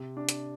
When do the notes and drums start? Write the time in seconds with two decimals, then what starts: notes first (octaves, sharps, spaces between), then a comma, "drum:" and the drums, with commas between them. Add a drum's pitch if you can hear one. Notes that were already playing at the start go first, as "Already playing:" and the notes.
Already playing: C3
0.17 D4
0.29 drum: hi-hat